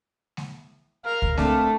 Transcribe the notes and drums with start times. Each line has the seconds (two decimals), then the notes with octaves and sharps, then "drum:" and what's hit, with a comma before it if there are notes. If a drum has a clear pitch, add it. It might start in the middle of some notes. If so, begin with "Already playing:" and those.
0.37 drum: snare G#3
1.05 A#4 F5
1.22 drum: kick C#2
1.37 A3 C4 D4, drum: snare G#3